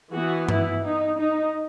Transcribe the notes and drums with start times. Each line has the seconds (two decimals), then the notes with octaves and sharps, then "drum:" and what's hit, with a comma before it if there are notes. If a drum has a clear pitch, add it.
0.13 E3 B3 F#4
0.49 E4, drum: tom G2
0.84 D#4
1.19 D#4